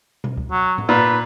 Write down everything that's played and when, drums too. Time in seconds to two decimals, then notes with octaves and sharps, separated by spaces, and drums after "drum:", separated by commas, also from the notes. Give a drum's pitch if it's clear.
0.24 drum: tom B2
0.37 drum: kick C#2
0.51 F#3
0.78 drum: tom G#2
0.89 A#2 B4